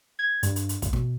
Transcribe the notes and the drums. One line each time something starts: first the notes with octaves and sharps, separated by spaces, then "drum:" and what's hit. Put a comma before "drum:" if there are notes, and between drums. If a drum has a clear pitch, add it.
G#6
G2, drum: hi-hat
drum: hi-hat
drum: hi-hat
drum: kick, hi-hat
B2, drum: snare